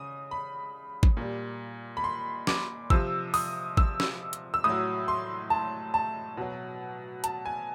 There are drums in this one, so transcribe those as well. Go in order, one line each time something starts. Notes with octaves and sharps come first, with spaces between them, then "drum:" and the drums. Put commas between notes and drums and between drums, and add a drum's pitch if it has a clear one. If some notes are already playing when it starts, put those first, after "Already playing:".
Already playing: C#3 D#6
B5
drum: kick G#1
A#2 G3
B5
C6
D6, drum: snare
C3 F3 E6, drum: kick G#1
D#6, drum: open hi-hat
E6, drum: kick G#1
drum: snare
drum: hi-hat
E6
A2 F#3 D#6
C6
A5
A5
B2 F#3
A5, drum: hi-hat
G#5